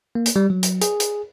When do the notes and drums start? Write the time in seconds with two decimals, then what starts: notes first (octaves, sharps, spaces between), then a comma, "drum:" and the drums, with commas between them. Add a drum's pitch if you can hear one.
0.15 A#3
0.26 drum: hi-hat
0.36 G3
0.50 F#3
0.63 drum: hi-hat
0.81 G#4, drum: hi-hat
1.00 drum: hi-hat